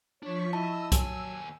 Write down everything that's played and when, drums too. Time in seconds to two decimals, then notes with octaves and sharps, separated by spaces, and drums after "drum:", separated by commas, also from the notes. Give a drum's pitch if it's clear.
0.23 F3 D4 C#5 C#6 B6
0.53 E4 D#5 A5 E6
0.92 D#2 F#3 G#5, drum: kick C2, hi-hat